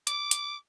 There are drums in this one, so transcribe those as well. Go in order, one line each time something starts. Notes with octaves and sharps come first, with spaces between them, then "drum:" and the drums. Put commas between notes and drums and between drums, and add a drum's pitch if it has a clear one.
D6, drum: hi-hat
drum: hi-hat